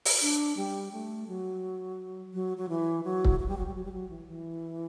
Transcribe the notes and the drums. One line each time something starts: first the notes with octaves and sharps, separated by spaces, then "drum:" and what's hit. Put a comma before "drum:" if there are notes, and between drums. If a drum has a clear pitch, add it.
drum: open hi-hat
D4
G3
A3
F#3
F#3
F#3
E3
F#3
drum: kick
F#3
G3
F#3
G3
F#3
G3
F#3
E3
E3